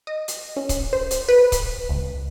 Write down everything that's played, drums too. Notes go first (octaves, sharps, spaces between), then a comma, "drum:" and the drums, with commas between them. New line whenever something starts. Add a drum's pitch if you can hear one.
D#5
drum: hi-hat
C#4
drum: kick C#1, hi-hat
C5
drum: hi-hat
B4
drum: kick C#1, hi-hat
C#2